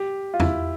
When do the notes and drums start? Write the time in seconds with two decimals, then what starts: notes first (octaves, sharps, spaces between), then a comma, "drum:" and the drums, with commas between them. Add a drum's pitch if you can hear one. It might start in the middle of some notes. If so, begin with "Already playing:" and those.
Already playing: G4
0.34 F4
0.40 E4, drum: tom E2